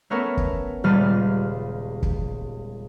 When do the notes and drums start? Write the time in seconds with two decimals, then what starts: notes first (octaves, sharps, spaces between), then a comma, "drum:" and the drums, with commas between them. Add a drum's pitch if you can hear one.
0.10 A3 B3 C#4 A4 A#4 C#5
0.37 drum: kick
0.84 D#1 C#2 G3 F6 A6 D#7
2.02 drum: kick